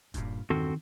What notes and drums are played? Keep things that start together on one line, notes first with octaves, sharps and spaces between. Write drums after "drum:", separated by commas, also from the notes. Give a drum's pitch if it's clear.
G2 A#2, drum: kick E1, hi-hat
E2 G2 D#3 C4 F#4 A4